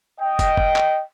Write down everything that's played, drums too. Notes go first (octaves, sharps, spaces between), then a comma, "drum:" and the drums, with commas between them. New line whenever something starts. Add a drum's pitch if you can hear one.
D#5 G5
drum: kick, hi-hat
drum: kick
drum: clap